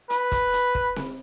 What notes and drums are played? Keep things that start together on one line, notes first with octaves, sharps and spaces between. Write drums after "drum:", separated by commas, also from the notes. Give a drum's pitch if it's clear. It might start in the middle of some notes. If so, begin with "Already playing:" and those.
B4, drum: hi-hat
drum: kick, hi-hat
drum: hi-hat
drum: kick
drum: snare C4